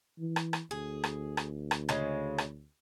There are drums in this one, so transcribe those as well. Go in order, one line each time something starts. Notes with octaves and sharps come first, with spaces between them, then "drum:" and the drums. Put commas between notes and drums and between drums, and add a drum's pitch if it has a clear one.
E3
drum: rim click
drum: rim click
D2 G#4
drum: rim click
drum: rim click
drum: rim click
C#3 G#3, drum: rim click
drum: rim click